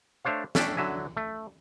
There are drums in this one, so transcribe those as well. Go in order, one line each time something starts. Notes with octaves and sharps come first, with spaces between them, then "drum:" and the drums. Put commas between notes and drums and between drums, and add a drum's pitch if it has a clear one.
A3 D4 C5 C#5 F5
A3 C#4 D4 E5 G5, drum: snare
D3 F#3 E5 G#5
A3